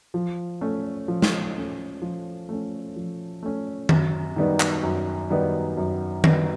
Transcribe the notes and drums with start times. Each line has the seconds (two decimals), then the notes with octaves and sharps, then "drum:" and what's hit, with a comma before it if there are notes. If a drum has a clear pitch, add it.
0.14 F3
0.61 A3 C#4
1.08 F3
1.22 drum: snare
1.55 A3 C#4
2.02 F3
2.49 A3 C#4
2.96 F3
3.43 A3 C#4
3.89 F#2, drum: tom D#3
4.36 D#3 G3 B3 D#4
4.60 drum: clap
4.83 F#2
5.30 D#3 G3 B3 D#4
5.77 F#2
6.24 D#3 G3 B3 D#4, drum: tom D#3